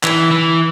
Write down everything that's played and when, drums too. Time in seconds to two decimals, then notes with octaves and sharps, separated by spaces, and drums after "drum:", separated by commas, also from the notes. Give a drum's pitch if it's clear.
0.04 E3, drum: clap
0.31 E3